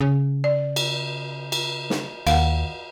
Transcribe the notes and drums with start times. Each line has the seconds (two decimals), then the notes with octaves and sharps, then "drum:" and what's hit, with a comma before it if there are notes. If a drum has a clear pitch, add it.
0.01 C#3
0.44 D5
0.76 drum: cymbal
1.52 drum: cymbal
1.90 drum: snare
2.27 D#2 F5 F#5, drum: cymbal